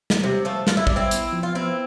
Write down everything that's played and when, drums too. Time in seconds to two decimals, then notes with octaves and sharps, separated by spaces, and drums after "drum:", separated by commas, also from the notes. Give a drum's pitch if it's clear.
0.10 drum: snare
0.23 C3 G3
0.45 F3 G3 A3
0.67 G3 F4, drum: snare
0.77 E4
0.87 G3 D4, drum: kick
0.96 C4 E4
1.11 B3, drum: hi-hat
1.33 F3
1.43 F4
1.55 B3 C4 E4